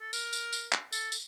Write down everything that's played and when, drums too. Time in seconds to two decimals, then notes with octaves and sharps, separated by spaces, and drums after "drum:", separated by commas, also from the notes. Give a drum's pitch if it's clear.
0.01 A4
0.13 A#4, drum: tambourine
0.33 drum: tambourine
0.52 drum: tambourine
0.72 drum: clap
0.92 A4, drum: tambourine
1.12 drum: tambourine